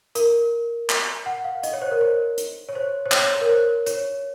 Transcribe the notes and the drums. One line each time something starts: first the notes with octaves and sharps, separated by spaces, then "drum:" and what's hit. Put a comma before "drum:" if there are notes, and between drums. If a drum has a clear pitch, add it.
A#4, drum: hi-hat
drum: clap
F#5
F5
D#5, drum: hi-hat
C#5
C5
A#4
C5
drum: hi-hat
C#5
C5
C5
C#5, drum: clap
A#4
C5
C#5, drum: hi-hat